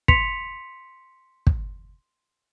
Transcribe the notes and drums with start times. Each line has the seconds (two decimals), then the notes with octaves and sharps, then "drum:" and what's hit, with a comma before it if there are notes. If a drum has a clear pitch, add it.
0.08 C6 B6 C#7 F7, drum: kick
1.47 drum: kick